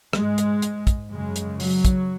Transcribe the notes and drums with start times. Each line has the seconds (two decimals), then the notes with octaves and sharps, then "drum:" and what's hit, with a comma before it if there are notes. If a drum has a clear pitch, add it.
0.13 G#2 G#3, drum: rim click
0.38 drum: hi-hat
0.62 drum: hi-hat
0.87 drum: kick, hi-hat
1.11 F#2 C#3 G#3
1.36 drum: hi-hat
1.60 F#3, drum: open hi-hat
1.85 drum: kick, hi-hat